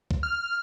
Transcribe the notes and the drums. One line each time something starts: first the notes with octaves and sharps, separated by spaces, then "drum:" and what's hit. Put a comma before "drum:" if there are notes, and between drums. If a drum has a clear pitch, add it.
drum: kick
F6